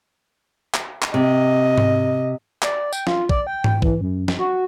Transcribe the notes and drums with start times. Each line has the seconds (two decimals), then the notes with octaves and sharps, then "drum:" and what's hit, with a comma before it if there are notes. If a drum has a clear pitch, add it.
0.74 drum: clap
1.02 drum: clap
1.14 C3 D#5
1.78 drum: tom G#2
2.62 D5, drum: clap
2.93 G5, drum: tambourine
3.07 F4, drum: snare
3.29 D5, drum: kick
3.47 G5
3.64 drum: tom G#2
3.82 E3, drum: kick
4.01 F#2
4.28 drum: snare
4.39 F#4